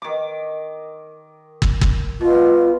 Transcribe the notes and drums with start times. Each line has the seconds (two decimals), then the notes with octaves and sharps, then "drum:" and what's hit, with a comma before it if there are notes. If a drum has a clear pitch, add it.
0.02 D#3 D6
1.62 drum: kick
1.81 drum: kick
2.21 B2 F4